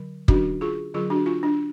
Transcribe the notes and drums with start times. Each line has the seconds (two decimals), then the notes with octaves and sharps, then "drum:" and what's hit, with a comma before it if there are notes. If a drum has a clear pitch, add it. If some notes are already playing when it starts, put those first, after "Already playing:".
Already playing: D3 F#3
0.28 D3 F#3 C#4 D4 F#4, drum: kick
0.61 F4 G#4
0.94 D3 F#3 C#4 F4 G#4
1.10 D4 F#4
1.26 F4
1.43 D4